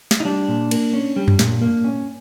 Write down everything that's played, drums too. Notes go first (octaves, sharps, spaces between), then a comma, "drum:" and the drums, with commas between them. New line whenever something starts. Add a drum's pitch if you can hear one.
drum: snare
D#4
G3 D4
A#2
A#3, drum: cymbal
C#4
G3
drum: tom F#2
A#2, drum: snare
A#3
C#4